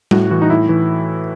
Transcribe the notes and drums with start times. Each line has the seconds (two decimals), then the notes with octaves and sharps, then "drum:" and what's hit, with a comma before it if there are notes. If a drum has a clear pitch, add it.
0.11 A2 F#4, drum: tom G3
0.31 E3 F#4
0.42 D#4
0.50 A2 E4
0.69 E3